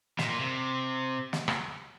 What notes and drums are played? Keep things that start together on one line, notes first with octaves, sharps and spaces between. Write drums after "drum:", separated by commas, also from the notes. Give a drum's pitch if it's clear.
A#2, drum: snare
A#2
C3
drum: snare
drum: rim click